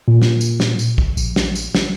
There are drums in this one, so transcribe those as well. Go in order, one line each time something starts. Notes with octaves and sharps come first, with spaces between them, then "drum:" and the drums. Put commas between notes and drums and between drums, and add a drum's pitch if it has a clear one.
A#2
drum: snare
drum: tambourine
drum: snare
drum: tambourine
drum: kick
A#1, drum: tambourine
drum: snare
drum: tambourine
drum: snare